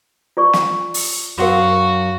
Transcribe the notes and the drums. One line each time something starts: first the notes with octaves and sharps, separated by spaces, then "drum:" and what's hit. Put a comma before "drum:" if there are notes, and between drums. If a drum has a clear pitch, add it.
F4 D5 C#6
drum: snare
drum: open hi-hat
F#2 F#4 A#4 F5 F#5 C6